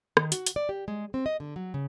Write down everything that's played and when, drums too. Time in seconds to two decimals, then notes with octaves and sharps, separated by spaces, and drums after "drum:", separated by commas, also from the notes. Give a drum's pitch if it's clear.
0.17 D#3, drum: rim click
0.32 F#4, drum: hi-hat
0.47 drum: hi-hat
0.56 D5
0.69 G4
0.88 G#3
1.14 C4
1.26 D#5
1.40 D3
1.56 F#3
1.74 C#3